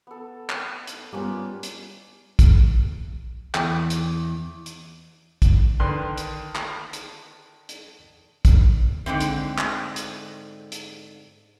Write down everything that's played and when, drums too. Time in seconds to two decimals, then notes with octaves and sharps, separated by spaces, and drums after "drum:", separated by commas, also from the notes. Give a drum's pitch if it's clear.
0.07 B3 A4
0.50 drum: clap
0.87 drum: hi-hat
1.13 G3 A#3 B3 C#4 F4
1.63 drum: hi-hat
2.39 drum: kick, hi-hat
3.55 E2, drum: clap
3.90 drum: hi-hat
4.66 drum: hi-hat
5.42 drum: kick, hi-hat
5.80 D3 D#3 A#4 B4 C6
6.18 drum: hi-hat
6.55 drum: clap
6.93 drum: hi-hat
7.69 drum: hi-hat
8.45 drum: kick, hi-hat
9.06 G#2 D3 F3 C4
9.20 drum: hi-hat
9.58 drum: clap
9.96 drum: hi-hat
10.72 drum: hi-hat